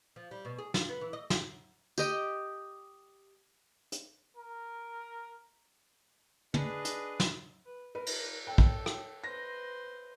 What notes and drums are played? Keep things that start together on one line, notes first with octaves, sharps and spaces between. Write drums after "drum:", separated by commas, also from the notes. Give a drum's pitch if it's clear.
F3
G3
B2
G#4
F4, drum: snare
B3
E3
D#5
drum: snare
G4 D#5 G5, drum: tambourine
drum: hi-hat
A#4
D4 G#4 B4 D#5, drum: tom
drum: hi-hat
drum: snare
B4
A#4 B4
drum: cymbal
A4 G5
drum: kick
drum: rim click
B4 C5 A#6